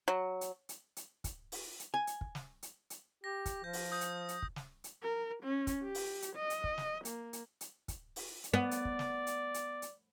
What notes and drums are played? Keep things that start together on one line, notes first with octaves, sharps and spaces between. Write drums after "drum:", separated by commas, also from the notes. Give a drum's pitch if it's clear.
F#3
drum: hi-hat
drum: hi-hat
drum: hi-hat
drum: kick, hi-hat
drum: open hi-hat
drum: hi-hat
G#5
drum: hi-hat
drum: kick
drum: snare
drum: hi-hat
drum: hi-hat
G4 A#6
drum: kick, hi-hat
F3 G6
drum: open hi-hat
D#6 G6
drum: hi-hat
drum: hi-hat
drum: kick
drum: snare
drum: hi-hat
A#4
C#4
drum: kick, hi-hat
G4
drum: open hi-hat
drum: hi-hat
D#5
drum: hi-hat
drum: kick
drum: snare
A#3, drum: hi-hat
drum: hi-hat
drum: hi-hat
drum: kick, hi-hat
drum: open hi-hat
drum: hi-hat
B3 D5
drum: hi-hat
drum: kick
drum: snare
drum: hi-hat
drum: hi-hat
drum: hi-hat